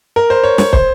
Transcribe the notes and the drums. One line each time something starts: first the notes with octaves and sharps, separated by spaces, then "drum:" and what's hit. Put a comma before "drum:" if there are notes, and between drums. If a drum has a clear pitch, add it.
A#4
C5
C#5
C#5, drum: snare
C5, drum: kick